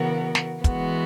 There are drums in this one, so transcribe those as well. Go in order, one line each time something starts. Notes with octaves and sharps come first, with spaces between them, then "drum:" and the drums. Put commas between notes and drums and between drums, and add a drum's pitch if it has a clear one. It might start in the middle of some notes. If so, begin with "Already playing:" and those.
Already playing: C#3 E3 B3 F#4 A#4
drum: snare
E3 G#3 B3 F#4, drum: kick, hi-hat